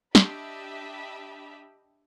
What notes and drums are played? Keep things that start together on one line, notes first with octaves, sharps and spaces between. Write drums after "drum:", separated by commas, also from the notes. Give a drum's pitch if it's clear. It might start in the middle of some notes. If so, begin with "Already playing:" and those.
D4 G4 D#5 E5 B5, drum: snare